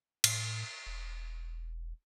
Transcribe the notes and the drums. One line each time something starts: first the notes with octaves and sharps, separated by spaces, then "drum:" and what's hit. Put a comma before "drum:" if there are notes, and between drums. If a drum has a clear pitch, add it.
A2, drum: cymbal
E1